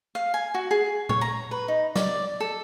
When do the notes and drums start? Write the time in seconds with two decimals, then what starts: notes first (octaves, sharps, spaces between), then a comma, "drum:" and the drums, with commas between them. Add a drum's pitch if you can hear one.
0.15 F5
0.34 G#5
0.54 F#4
0.71 G#4
1.09 C#5, drum: tom A#2
1.21 A#5
1.51 B4
1.68 D#4
1.96 D5, drum: snare
2.40 A4